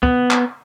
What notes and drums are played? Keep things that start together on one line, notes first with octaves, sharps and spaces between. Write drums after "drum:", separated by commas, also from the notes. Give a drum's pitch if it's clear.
B3, drum: kick
drum: clap